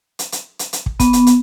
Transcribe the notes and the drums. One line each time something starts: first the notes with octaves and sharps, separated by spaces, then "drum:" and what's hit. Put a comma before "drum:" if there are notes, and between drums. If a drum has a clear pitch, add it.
drum: hi-hat
drum: hi-hat
drum: hi-hat
drum: hi-hat
drum: kick
B3, drum: kick, hi-hat
drum: hi-hat
drum: hi-hat